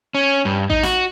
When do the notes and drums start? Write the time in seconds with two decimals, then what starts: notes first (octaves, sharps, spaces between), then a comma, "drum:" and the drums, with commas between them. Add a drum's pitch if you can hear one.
0.15 C#4
0.45 G2
0.70 D#4, drum: kick A1
0.83 F#4, drum: snare